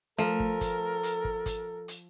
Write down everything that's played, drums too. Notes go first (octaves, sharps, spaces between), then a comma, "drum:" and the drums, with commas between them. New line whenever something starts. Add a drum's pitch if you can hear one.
F3 A3 A4 A#4
drum: kick
drum: kick, hi-hat
drum: hi-hat
drum: kick
drum: kick, hi-hat
drum: hi-hat